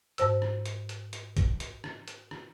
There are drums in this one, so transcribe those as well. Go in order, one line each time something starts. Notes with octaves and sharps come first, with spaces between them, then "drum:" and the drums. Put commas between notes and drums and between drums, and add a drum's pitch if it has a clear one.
G#2 C5 E6, drum: hi-hat
drum: rim click
drum: hi-hat
drum: hi-hat
drum: hi-hat
drum: kick A1, hi-hat
drum: hi-hat
drum: rim click
drum: hi-hat
drum: rim click